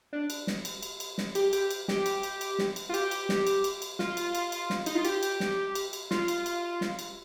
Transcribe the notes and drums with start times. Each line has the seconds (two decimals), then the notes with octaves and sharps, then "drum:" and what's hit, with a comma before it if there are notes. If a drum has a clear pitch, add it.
0.13 D4
0.30 drum: cymbal
0.47 drum: snare
0.65 drum: cymbal
0.83 drum: cymbal
1.00 drum: cymbal
1.18 drum: snare
1.35 G4, drum: cymbal
1.53 G4, drum: cymbal
1.71 drum: cymbal
1.88 G4, drum: snare
2.06 drum: cymbal
2.23 drum: cymbal
2.41 drum: cymbal
2.59 drum: snare
2.76 drum: cymbal
2.89 F4
2.94 G4, drum: cymbal
3.11 drum: cymbal
3.29 drum: snare
3.47 drum: cymbal
3.64 drum: cymbal
3.82 drum: cymbal
3.99 F4, drum: snare
4.17 drum: cymbal
4.35 drum: cymbal
4.52 drum: cymbal
4.70 drum: snare
4.86 D#4, drum: cymbal
4.95 F4
5.05 G4, drum: cymbal
5.23 drum: cymbal
5.40 drum: snare
5.75 drum: cymbal
5.93 drum: cymbal
6.11 F4, drum: snare
6.28 drum: cymbal
6.46 drum: cymbal
6.81 drum: snare
6.99 drum: cymbal